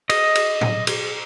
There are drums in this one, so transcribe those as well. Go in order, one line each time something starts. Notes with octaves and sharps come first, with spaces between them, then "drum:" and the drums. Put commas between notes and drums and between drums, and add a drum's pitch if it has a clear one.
D#5, drum: cymbal
drum: cymbal
drum: tom A2
drum: cymbal